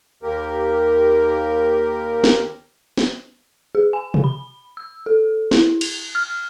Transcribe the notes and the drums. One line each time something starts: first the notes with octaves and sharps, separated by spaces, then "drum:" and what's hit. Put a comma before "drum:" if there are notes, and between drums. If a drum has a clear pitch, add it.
D#2 A#3 G4 A#4
drum: snare
drum: snare
G#4
G#5
drum: tom B2
B5
E6
A4
E4, drum: snare
F7, drum: cymbal
F6